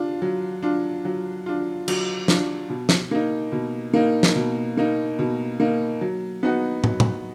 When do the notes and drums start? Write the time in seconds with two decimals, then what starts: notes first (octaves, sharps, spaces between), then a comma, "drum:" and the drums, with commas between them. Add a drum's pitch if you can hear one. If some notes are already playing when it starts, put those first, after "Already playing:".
Already playing: D4 F4
0.22 F#3
0.63 D4 F4
1.05 F#3
1.46 D4 F4
1.88 F#3, drum: cymbal
2.28 D4 F4, drum: snare
2.70 B2
2.89 drum: snare
3.11 A#3 D#4
3.52 B2
3.93 A#3 D#4
4.23 drum: snare
4.35 B2
4.77 A#3 D#4
5.19 B2
5.60 A#3 D#4
6.01 F#3
6.43 B3 D#4 F#4
6.84 F#3, drum: tom
7.00 drum: tom